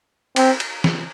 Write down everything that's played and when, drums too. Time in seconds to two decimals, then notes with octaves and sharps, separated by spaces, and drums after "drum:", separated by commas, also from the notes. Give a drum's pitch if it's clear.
0.36 C4, drum: cymbal
0.60 drum: cymbal
0.84 drum: snare